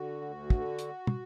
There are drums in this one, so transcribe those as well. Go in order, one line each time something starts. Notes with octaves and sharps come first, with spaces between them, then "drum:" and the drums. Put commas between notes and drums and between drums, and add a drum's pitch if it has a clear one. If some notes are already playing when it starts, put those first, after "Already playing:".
Already playing: D3 F#4
D2
D3, drum: kick
drum: hi-hat
drum: tom